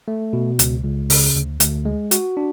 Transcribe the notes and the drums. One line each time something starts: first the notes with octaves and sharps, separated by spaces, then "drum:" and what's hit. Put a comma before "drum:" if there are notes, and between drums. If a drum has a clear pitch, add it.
A3
B2
C#2, drum: hi-hat
C#2
C#3, drum: open hi-hat
D2
D2, drum: hi-hat
G#3
F#4, drum: hi-hat
D4